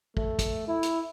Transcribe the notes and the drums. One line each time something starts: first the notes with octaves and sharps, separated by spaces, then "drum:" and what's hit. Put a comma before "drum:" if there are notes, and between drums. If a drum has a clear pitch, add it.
A3, drum: kick
drum: kick, hi-hat
E4
drum: hi-hat